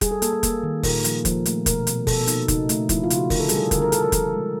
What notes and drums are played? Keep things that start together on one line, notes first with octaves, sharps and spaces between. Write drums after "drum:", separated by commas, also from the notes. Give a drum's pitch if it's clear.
G3 G#4, drum: kick F1, hi-hat
A4
A#3 A4, drum: hi-hat
A4
A#3, drum: kick F1, hi-hat
D#3
A#2 A#4, drum: kick F1, open hi-hat
F3, drum: hi-hat
F3, drum: kick F1, hi-hat
A3, drum: hi-hat
B2 A#4, drum: kick F1, hi-hat
B2, drum: hi-hat
B2 A4, drum: kick F1, open hi-hat
A#3 D#4, drum: hi-hat
C#3 D#4, drum: kick F1, hi-hat
A3, drum: hi-hat
F3 E4, drum: kick F1, hi-hat
F4
C#3, drum: hi-hat
F#4
D3 A#4, drum: kick F1, open hi-hat
A4
G3 G#4, drum: hi-hat
A4
D3 A#4, drum: kick F1, hi-hat
A#4
D3 A4, drum: hi-hat
A#4
F3 A4, drum: kick F1, hi-hat
G#3